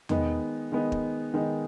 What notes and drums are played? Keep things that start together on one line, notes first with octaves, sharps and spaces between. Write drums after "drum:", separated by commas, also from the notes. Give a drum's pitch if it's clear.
D#3 G#3 B3 D#4, drum: tom E2
D#3 G#3 B3 D#4
drum: kick
D#3 G#3 B3 D#4